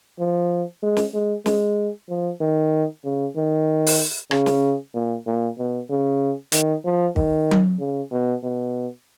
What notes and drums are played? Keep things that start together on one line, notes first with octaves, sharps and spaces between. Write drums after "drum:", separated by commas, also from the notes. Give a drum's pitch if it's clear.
F3
G#3
drum: snare
G#3
G#3, drum: snare
F3
D#3
C#3
D#3
drum: open hi-hat
C#3, drum: rim click
drum: snare
A#2
A#2
B2
C#3
D#3, drum: hi-hat
F3
D#3, drum: kick
drum: tom F#3
C#3
B2
B2